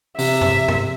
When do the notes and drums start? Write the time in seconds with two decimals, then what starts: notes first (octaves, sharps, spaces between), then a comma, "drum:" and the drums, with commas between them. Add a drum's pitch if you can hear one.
0.18 C3 E5, drum: open hi-hat
0.42 drum: tom G2
0.68 drum: tom G2